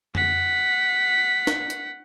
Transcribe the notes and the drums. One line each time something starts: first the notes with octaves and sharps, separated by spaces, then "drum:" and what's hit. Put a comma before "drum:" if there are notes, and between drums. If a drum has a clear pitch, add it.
F#5 B6, drum: tom F2
drum: snare
drum: hi-hat